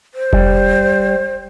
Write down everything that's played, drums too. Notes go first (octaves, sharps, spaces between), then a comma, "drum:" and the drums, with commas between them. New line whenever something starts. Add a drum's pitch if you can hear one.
C5
G3, drum: kick F1